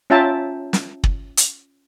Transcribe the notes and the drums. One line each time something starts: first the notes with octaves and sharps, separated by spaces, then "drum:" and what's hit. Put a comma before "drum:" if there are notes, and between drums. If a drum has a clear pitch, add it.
C#4 F4 E5 G5 A5 A#5
drum: snare
drum: kick
drum: hi-hat